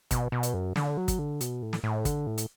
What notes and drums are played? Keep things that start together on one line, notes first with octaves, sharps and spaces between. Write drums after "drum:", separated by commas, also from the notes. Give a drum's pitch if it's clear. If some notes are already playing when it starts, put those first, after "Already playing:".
B2, drum: kick, hi-hat
B2
drum: hi-hat
F#2
D3, drum: snare
F#3
drum: kick, hi-hat
D3
B2, drum: hi-hat
A2
drum: snare
A2
D3, drum: kick, hi-hat
A2
drum: hi-hat